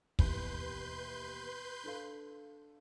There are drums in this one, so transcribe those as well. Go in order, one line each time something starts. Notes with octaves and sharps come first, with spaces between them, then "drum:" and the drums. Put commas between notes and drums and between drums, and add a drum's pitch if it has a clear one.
D#2 B2 E3 B4 C6 G6, drum: kick
D4 A4 F5